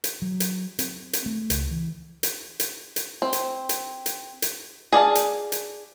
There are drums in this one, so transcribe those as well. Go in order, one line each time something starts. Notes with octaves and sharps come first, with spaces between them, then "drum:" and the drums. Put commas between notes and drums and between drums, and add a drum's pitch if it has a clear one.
drum: hi-hat
F#3
drum: hi-hat
C4, drum: hi-hat
drum: hi-hat
A3
C#2, drum: hi-hat
E3
drum: hi-hat
drum: hi-hat
drum: hi-hat
C4
drum: hi-hat
drum: hi-hat
drum: hi-hat
drum: hi-hat
G#4 D5 F5 A5
drum: hi-hat
drum: hi-hat